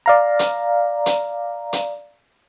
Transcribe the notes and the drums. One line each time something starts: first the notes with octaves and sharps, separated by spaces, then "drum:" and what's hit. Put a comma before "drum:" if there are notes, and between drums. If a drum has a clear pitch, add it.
D5 F5 A#5
drum: hi-hat
drum: hi-hat
drum: hi-hat